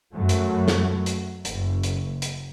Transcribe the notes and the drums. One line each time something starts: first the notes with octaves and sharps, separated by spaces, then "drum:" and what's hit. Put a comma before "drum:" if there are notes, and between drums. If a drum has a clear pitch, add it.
F#2 F#3 A3
drum: hi-hat
drum: snare
drum: hi-hat
F#1, drum: hi-hat
drum: hi-hat
drum: hi-hat